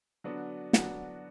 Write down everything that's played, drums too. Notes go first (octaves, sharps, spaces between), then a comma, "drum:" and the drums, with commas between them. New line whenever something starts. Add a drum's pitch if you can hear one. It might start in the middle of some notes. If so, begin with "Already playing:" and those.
D3 F#3 B3 D4 F#4
D3 F#3 B3 D4 F#4, drum: snare